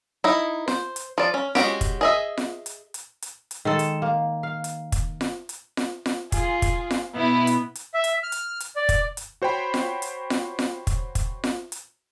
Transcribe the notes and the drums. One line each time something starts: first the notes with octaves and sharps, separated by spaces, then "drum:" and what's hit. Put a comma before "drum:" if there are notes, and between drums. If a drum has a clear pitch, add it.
D#4 E4
C5, drum: snare F4
drum: hi-hat
F3 D5
C#4
G#3 C#4 F#4 G4, drum: snare F4
drum: kick, hi-hat
G#4 D#5 E5
drum: snare F4
drum: hi-hat
drum: hi-hat
drum: hi-hat
drum: hi-hat
D#3 G#3 A4
drum: hi-hat
A#3
F5
drum: hi-hat
drum: kick, hi-hat
drum: snare F4
drum: hi-hat
drum: snare F4
drum: snare F4
F4 G#4, drum: kick, hi-hat
drum: kick, hi-hat
drum: snare F4
B2 B3 E4 B4
drum: hi-hat
drum: hi-hat
E5
drum: hi-hat
F6
drum: hi-hat
drum: hi-hat
D5
drum: kick, hi-hat
drum: hi-hat
F#4 C5 C#5 G5 B5
drum: snare F4
drum: hi-hat
drum: snare F4
drum: snare F4
drum: kick, hi-hat
drum: kick, hi-hat
drum: snare F4
drum: hi-hat